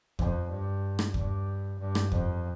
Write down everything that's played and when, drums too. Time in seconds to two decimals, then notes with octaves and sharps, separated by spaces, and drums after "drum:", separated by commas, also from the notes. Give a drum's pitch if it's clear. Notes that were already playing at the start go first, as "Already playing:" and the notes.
0.19 F2, drum: kick
0.50 G2
0.99 drum: rim click
1.14 G2, drum: kick
1.79 G2
1.95 drum: rim click
2.12 F2, drum: kick